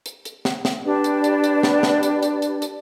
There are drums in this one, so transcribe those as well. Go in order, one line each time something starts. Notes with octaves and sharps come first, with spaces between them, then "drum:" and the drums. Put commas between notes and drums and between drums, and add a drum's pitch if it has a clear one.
drum: hi-hat
drum: hi-hat
drum: snare
drum: snare
D4 G4 B4 D5
drum: hi-hat
drum: hi-hat
drum: hi-hat
drum: snare
drum: snare
drum: hi-hat
drum: hi-hat
drum: hi-hat
drum: hi-hat